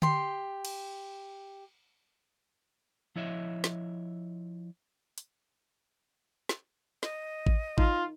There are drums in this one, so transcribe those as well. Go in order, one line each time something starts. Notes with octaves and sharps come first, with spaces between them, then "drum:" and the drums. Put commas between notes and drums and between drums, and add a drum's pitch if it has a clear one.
G4 C6, drum: tom D3
drum: cymbal
F3 E4 C#5 D#5 E5
drum: snare
drum: hi-hat
drum: snare
D#5, drum: snare
drum: kick A1
D#4 F4, drum: kick A1